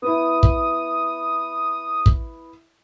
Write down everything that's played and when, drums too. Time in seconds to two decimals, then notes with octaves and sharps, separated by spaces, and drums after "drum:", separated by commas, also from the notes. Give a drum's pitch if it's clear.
0.02 B3 E4 D#6
0.43 drum: kick
2.06 drum: kick